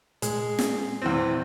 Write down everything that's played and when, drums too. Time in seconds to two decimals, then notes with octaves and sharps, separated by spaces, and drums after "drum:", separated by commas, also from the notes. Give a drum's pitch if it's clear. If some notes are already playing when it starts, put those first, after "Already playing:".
0.22 A#2 G#3, drum: hi-hat
0.59 drum: snare
1.02 E2 E3 C4